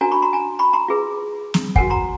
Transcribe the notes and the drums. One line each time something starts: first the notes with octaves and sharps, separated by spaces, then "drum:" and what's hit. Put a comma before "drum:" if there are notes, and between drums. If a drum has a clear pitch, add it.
D4 F#4 A#4 C#5 G#5 A#5
B5 C#6
A#5 C6
G#5 A#5
B5 C#6
A#5 C6
F4 G#4 B4
drum: snare
F#4 A#4 C#5 F#5 G#5, drum: kick
A#5 C6